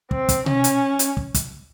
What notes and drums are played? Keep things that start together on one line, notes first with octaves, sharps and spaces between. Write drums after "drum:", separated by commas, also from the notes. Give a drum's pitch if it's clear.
C4, drum: kick
drum: kick, hi-hat
C#4, drum: tom B2
drum: hi-hat
drum: hi-hat
drum: kick
drum: kick, hi-hat